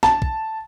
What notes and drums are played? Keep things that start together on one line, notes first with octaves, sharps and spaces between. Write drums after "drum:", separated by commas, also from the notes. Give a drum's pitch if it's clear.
A5, drum: snare
drum: kick